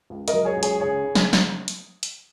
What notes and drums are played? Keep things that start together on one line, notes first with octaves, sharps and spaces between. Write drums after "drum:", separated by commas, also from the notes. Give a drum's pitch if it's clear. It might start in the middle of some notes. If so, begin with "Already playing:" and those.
C#2
A#4 D#5, drum: hi-hat
F#3
G#4 C#5
C#2
G#4 C#5, drum: hi-hat
C#3 G#4 C#5
C#3
drum: snare
drum: snare
drum: hi-hat
drum: hi-hat